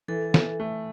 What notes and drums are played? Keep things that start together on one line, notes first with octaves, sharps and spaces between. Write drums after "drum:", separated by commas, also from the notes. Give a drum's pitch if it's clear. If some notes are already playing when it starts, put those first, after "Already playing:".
E3 A4
E3, drum: snare
A3